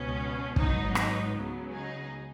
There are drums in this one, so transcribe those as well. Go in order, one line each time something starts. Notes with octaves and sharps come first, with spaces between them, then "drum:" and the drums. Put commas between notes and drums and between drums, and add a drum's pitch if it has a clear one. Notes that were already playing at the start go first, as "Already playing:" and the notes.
Already playing: C#2 B2 B3 C#4
G#2 F#3 B3 D#4, drum: kick
D#4, drum: rim click
C#2 C#3 F#3 B3
D#4 G#4